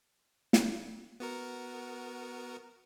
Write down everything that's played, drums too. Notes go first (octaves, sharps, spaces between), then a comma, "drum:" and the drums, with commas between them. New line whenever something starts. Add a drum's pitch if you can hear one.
drum: snare
B3 F#4 A#4